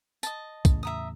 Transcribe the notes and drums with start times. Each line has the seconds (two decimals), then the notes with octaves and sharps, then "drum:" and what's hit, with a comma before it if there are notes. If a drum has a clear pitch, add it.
0.23 D#5 A5, drum: tambourine
0.65 E2 A2 C#3, drum: kick, tambourine
0.83 E5 A#5 D#6